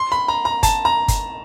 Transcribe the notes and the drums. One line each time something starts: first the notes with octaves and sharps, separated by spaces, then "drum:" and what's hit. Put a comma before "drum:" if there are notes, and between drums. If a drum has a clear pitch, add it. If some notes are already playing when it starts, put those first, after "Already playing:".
Already playing: C6
B5
A#5
A#5
A5, drum: kick G1, hi-hat
A#5
drum: kick G1, hi-hat